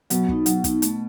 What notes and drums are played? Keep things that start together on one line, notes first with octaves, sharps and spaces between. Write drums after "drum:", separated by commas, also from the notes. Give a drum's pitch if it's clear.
B2 F#3, drum: hi-hat
B3 D#4, drum: kick
F#3, drum: hi-hat
B3 D#4, drum: kick, hi-hat
A3, drum: hi-hat